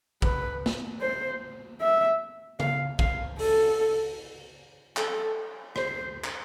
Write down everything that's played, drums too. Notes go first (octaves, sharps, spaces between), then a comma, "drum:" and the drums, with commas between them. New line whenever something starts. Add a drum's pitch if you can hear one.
B4, drum: kick
drum: snare
C5
E5
F5, drum: tom C#3
F5, drum: kick
A4, drum: open hi-hat
A4, drum: clap
C5, drum: rim click
drum: clap